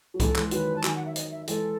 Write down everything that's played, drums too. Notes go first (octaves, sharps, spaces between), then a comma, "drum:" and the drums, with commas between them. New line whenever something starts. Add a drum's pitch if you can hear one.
F#3
E3 G#3 A4, drum: kick C2, hi-hat
E3 G#3, drum: clap
D#3 F#3 B4, drum: hi-hat
A5
D#3 F#3 G#5, drum: clap
F#5
E5
D#5, drum: hi-hat
E5
E3 G#3 A4, drum: hi-hat